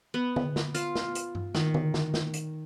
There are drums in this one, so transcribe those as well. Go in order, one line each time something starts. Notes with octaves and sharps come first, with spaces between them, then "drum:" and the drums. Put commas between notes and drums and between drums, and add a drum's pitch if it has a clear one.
B3
drum: tom
drum: snare
F4, drum: hi-hat
drum: snare
drum: hi-hat
drum: tom G2
D#3, drum: snare
drum: tom
drum: snare
drum: snare
drum: hi-hat